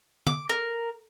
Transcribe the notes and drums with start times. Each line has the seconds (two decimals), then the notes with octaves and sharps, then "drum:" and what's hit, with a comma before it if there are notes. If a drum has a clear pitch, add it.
0.27 D6, drum: tom
0.49 A#4